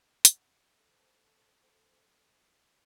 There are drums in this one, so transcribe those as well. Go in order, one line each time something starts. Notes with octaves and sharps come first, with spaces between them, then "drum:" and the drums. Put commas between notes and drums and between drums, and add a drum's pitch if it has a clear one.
F#5, drum: hi-hat
A4 C5